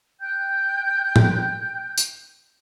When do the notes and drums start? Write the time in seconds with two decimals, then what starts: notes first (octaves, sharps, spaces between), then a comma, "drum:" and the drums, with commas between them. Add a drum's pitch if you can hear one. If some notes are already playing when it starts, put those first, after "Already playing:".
0.21 G5 F#6 G6
1.16 drum: tom A2
1.98 drum: tambourine